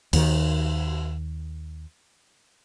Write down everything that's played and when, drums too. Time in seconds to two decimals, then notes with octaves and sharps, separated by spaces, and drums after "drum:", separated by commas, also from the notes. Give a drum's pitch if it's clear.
0.13 D#2 D#3, drum: cymbal